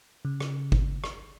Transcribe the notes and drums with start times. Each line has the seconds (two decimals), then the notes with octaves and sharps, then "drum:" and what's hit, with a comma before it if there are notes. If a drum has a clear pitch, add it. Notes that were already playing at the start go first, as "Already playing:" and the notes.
0.25 C#3
0.40 drum: rim click
0.72 drum: kick
1.04 drum: rim click